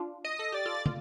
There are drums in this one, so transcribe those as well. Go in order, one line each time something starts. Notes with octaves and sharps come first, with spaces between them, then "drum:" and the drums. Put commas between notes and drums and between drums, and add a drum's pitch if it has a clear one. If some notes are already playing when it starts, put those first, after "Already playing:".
Already playing: D4 F4
D#5
A4
G4 D5
F4 A4
F4, drum: tom